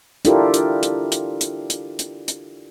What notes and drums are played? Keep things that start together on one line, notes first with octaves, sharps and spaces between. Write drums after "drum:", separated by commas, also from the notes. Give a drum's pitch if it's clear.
D4 E4 F4 G4 A4 A#4, drum: hi-hat
drum: hi-hat
drum: hi-hat
drum: hi-hat
drum: hi-hat
drum: hi-hat
drum: hi-hat
drum: hi-hat